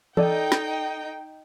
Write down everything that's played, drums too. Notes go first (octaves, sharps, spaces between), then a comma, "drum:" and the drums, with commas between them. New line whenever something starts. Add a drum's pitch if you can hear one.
D#4 A4 D5 D#5 G5, drum: tom E3
drum: snare